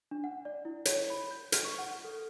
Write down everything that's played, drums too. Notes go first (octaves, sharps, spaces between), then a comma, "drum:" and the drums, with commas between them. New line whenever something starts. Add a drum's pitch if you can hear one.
D4
F#5
D5
E4
C#5, drum: hi-hat
B5
G6
F6, drum: hi-hat
C#6
F#5
A4